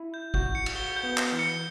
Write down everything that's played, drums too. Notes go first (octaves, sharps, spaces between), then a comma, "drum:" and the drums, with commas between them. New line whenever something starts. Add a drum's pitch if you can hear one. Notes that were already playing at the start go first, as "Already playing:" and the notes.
Already playing: E4
G6
F#4 G6, drum: kick
C#7
drum: cymbal
F#4 G7
G6
B3
G6, drum: clap
E3
C#7